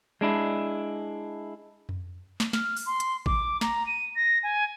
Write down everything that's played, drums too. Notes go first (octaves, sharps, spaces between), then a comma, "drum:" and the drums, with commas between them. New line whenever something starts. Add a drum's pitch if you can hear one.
G#3 D4 E4
drum: tom F2
drum: snare
F6, drum: snare
drum: open hi-hat
C6
drum: hi-hat
D6, drum: kick A1
A#5, drum: snare
D#7
A#6
G#5